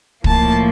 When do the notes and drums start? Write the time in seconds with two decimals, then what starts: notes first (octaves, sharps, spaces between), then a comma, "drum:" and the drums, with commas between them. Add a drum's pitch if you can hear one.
0.24 A2 F3 A#3 A5, drum: kick